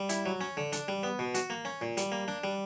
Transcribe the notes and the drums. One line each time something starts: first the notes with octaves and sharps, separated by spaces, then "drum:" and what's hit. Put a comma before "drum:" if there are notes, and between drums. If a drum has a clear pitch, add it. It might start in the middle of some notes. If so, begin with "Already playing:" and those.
Already playing: G3
E4, drum: hi-hat
F#3
C#4
D3
D4, drum: hi-hat
G3
B3
B2
F#4, drum: hi-hat
A#3
C#4
A#2
G3, drum: hi-hat
A#3
D4
G3